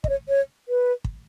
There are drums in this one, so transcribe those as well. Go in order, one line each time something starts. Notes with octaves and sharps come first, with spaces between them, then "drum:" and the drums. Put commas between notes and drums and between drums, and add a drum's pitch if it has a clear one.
D#5, drum: kick
C#5
C#5
B4
drum: kick